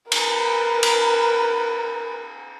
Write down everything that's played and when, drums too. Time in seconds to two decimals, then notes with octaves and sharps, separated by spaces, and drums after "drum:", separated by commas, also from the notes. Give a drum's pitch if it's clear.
0.12 A#4 B4, drum: cymbal
0.83 drum: cymbal